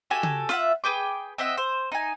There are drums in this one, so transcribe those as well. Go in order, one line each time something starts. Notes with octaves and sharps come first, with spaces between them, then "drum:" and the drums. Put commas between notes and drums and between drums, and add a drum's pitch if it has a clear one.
F#4 G4 A4 G#5
drum: tom C#3
F4 E5 F#5, drum: snare
G#4 B4 G5 D6
C4 D#5 E5 F#5
C5
D#4 G#5